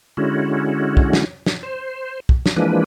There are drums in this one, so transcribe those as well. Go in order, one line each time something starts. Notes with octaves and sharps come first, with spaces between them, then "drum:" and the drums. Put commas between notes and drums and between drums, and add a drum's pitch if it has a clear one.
D3 G#3 C#4 E4 F#4
drum: kick
drum: snare
drum: snare
C5
drum: kick
drum: snare
E3 F3 G#3 A#3 D4 B4